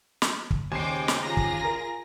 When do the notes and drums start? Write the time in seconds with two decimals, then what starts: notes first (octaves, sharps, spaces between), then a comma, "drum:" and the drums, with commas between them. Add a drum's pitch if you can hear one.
0.22 drum: snare
0.51 drum: kick
0.72 D#2 C#3 C5 D#5 G5 G#5 D6 C7
1.08 drum: snare
1.23 F4 G#4 A#5 A#6
1.37 drum: kick
1.64 A#4